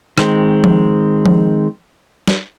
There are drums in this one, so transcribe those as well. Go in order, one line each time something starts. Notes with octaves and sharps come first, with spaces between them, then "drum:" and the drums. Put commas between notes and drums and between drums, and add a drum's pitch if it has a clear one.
D#3 G#3 C4, drum: rim click
drum: tom F3
drum: tom F3
drum: snare